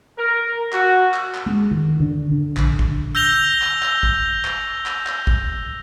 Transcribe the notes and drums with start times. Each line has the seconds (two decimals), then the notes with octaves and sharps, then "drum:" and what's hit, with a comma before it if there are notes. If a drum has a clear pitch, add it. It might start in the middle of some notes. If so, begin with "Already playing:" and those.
0.18 A#4
0.72 F#4, drum: clap
1.14 drum: clap
1.34 drum: clap
1.46 G#3
1.71 D#3
2.00 D3
2.32 D3
2.57 A#1, drum: clap
2.70 D3
2.79 drum: kick
3.15 E6 G6 A#6 F7 G7
3.62 drum: clap
3.82 drum: clap
4.03 drum: kick
4.44 drum: clap
4.86 drum: clap
5.06 drum: clap
5.27 drum: kick